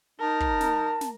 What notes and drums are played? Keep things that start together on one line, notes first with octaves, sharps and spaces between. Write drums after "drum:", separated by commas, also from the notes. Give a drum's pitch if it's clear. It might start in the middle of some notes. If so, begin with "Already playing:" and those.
D#4 A#4 A5
drum: kick
drum: snare
drum: snare